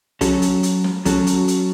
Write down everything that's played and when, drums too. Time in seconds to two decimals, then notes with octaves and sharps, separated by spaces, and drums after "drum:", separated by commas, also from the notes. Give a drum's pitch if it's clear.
0.21 F#3 C#4 F#4 A4, drum: kick, hi-hat
0.42 drum: hi-hat
0.63 drum: hi-hat
0.84 drum: snare
1.05 F#3 C#4 F#4 A4, drum: kick, hi-hat
1.27 drum: hi-hat
1.48 drum: hi-hat